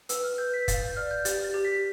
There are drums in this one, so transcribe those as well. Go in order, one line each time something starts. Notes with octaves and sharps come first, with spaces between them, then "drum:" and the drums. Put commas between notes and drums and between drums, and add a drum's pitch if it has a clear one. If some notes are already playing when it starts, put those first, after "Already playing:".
B4 E6, drum: hi-hat
F6
B4 G6
B6
F5 A6, drum: kick, hi-hat
G6
D5 F6
G6
G4 A6, drum: hi-hat
A6
G4
B6